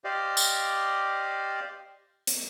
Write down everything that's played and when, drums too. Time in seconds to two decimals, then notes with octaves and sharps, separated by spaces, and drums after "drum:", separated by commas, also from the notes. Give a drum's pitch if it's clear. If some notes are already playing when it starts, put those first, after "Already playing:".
0.04 G4 C5 D5 D#5 F5
0.37 drum: tambourine
2.27 drum: hi-hat